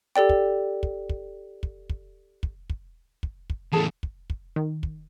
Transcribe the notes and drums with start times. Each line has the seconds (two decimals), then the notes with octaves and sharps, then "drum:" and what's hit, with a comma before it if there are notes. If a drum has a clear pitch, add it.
0.16 G4 A4 D5 G5
0.29 drum: kick
0.83 drum: kick
1.09 drum: kick
1.63 drum: kick
1.89 drum: kick
2.43 drum: kick
2.70 drum: kick
3.23 drum: kick
3.50 drum: kick
3.73 E2 A2 G#4 A4 A5
4.03 drum: kick
4.30 drum: kick
4.56 D#3
4.83 drum: kick